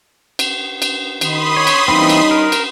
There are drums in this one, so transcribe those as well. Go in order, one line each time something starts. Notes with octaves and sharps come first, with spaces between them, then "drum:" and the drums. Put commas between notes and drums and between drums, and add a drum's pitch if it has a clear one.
drum: cymbal
drum: cymbal
D#3 B5 C6 D#6, drum: cymbal
C#5
drum: cymbal
E3 G3 A#3 C4 C#4 D#4
drum: cymbal
A#4
drum: cymbal